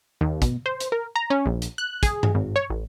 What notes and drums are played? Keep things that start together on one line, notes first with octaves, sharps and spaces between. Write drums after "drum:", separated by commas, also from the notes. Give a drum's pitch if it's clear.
D#2
B2, drum: kick, hi-hat
C5
drum: hi-hat
A#4
A#5
C#4
A#1
drum: hi-hat
F#6
G#4, drum: kick, hi-hat
drum: tom G2
G#1
C#5
A1